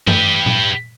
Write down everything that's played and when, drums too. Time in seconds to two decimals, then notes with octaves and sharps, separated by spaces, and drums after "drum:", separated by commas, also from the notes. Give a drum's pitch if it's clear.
0.07 G4 B4, drum: tom
0.46 drum: tom A#2